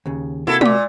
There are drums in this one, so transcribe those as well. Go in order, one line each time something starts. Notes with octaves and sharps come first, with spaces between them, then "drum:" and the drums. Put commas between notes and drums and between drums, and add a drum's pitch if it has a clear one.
D#2 C#3
C3 A#3 E4 F#4 A4
A#2 D5 D6, drum: tom G#3